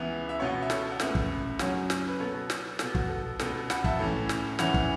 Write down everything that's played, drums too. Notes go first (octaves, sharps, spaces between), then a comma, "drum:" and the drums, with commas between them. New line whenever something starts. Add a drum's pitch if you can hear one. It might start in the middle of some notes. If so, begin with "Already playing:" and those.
Already playing: C#2 C#3 E3 B3 E5
E5
C#2 B2 B3 C#5 F#5
E5
A4 C#5, drum: snare
F#5
C#2 C#3 A3 B4 E5, drum: snare
drum: kick
F#2 C#3 F#3 C#4 C#5 F#5, drum: snare
drum: snare
B4
B2 B3 A4 C#5
drum: snare
B2 B3 A4, drum: snare
F#4, drum: kick
A4
C#2 B2 B3 A4, drum: snare
F#5 B5, drum: snare
E5 A5, drum: kick
A2 E3 C#4
drum: snare
E2 E3 C#4 F#5 B5, drum: snare
drum: kick